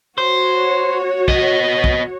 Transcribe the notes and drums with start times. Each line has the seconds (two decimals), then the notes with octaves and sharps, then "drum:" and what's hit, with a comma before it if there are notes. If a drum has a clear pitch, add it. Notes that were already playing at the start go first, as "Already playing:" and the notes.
0.18 F#4 C5 C#5
1.28 B3 D#5, drum: kick
1.84 drum: kick